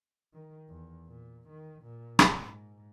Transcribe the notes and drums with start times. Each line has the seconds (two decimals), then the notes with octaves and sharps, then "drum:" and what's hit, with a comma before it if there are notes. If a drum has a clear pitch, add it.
0.33 D#3
0.69 E2
1.06 A#2
1.49 D#3
1.83 A#2
2.19 G#2, drum: rim click